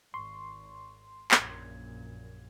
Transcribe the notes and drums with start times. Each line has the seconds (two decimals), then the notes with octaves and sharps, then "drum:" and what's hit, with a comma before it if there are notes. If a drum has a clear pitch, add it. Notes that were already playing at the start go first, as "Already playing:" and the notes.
0.14 G#1 C6 C#6
1.31 A#1 F#2 A#2 G#6, drum: clap